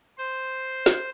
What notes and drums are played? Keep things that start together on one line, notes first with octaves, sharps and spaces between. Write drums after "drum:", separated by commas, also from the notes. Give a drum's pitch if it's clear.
C5
drum: snare